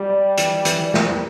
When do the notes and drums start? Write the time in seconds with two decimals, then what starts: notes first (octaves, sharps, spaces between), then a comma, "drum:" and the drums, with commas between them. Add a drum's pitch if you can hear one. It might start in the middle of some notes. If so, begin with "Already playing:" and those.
Already playing: G3 G4
0.10 D5
0.37 E3, drum: hi-hat
0.65 E3, drum: hi-hat
0.94 A#3, drum: snare